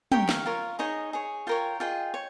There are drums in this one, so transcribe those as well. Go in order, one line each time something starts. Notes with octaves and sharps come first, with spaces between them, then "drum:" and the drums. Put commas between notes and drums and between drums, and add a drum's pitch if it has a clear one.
G4 A#4 C#5 G5, drum: tom
F5, drum: snare
F4 A#4 C#5
D#4 G#4 C#5 D#5
G#4 C#5
F4 A#4 C#5 G5
F4 G#4 D#5 G5
C#5